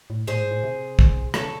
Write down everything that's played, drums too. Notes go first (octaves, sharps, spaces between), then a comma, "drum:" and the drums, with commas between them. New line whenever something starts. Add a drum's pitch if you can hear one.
A2
A2 G#4 C5
G#2
A2
C3
drum: kick
C#3 A4 C#5, drum: rim click